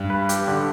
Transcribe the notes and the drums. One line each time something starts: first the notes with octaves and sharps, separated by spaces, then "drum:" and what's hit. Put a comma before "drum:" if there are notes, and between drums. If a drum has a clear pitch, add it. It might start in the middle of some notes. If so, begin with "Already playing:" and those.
Already playing: G2
B4
G4, drum: hi-hat
D3